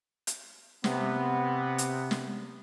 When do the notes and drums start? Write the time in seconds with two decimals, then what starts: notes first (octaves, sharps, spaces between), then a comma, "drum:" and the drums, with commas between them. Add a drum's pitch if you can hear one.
0.27 drum: hi-hat
0.84 C3 B3, drum: snare
1.78 drum: hi-hat
2.11 drum: snare